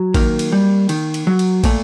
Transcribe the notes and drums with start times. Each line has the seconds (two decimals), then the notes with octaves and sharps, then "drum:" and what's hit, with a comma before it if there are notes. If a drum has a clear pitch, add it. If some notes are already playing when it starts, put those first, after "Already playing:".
Already playing: F#3
0.14 D#3 A#3, drum: kick, cymbal
0.39 drum: cymbal
0.52 G3
0.89 D#3, drum: cymbal
1.14 drum: cymbal
1.27 F#3
1.39 drum: cymbal
1.64 A#2 A3, drum: kick, cymbal